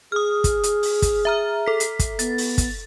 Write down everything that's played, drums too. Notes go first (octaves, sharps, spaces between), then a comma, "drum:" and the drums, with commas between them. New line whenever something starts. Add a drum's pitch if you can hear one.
G#4 D#6 F6
drum: kick, hi-hat
drum: hi-hat
drum: open hi-hat
drum: kick, hi-hat
E5 A#5 F6
A4 B6
drum: hi-hat
drum: kick, hi-hat
B3 A6, drum: hi-hat
drum: open hi-hat
drum: kick, hi-hat